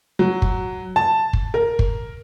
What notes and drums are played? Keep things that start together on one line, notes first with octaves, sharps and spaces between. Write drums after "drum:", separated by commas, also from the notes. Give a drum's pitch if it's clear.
F#3
drum: kick
A5
drum: kick
A#4
drum: kick